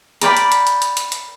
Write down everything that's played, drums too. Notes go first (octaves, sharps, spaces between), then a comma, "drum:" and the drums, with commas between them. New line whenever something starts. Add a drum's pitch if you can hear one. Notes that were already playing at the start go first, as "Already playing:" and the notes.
A#4 D5 G5 B5, drum: hi-hat
drum: hi-hat
drum: hi-hat
drum: hi-hat
drum: hi-hat
drum: hi-hat
drum: hi-hat